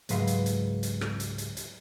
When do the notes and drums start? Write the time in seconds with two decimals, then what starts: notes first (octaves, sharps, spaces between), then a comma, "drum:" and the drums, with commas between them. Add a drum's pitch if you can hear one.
0.09 C#2 G#2 F#3 G#3 B4 F5, drum: hi-hat
0.27 drum: hi-hat
0.46 drum: hi-hat
0.83 drum: hi-hat
1.01 drum: rim click
1.20 drum: hi-hat
1.38 drum: hi-hat
1.57 drum: hi-hat